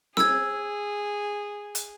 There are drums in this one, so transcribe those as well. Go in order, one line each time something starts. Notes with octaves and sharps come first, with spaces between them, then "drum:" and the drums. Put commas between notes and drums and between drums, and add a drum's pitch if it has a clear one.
G#4 E6 G#6, drum: snare C4
drum: hi-hat